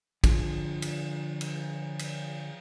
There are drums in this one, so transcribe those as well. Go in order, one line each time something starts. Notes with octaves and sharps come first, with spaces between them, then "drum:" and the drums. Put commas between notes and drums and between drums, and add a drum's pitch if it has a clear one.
D3 F3 G#4, drum: kick, cymbal
drum: cymbal
drum: cymbal
drum: cymbal